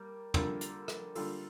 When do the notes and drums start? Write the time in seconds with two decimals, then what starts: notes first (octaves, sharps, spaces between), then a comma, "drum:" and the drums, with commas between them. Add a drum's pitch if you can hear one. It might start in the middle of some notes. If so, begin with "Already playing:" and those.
Already playing: G3 A#3
0.34 D3 G3 A#3 F4 A4, drum: tom
0.61 drum: hi-hat
0.88 drum: rim click
1.15 D3 G3 A#3 F4 A4, drum: open hi-hat